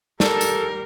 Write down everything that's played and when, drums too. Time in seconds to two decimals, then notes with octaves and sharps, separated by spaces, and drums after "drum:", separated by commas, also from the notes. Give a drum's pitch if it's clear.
0.20 G3 A4 A#4, drum: snare
0.41 drum: tambourine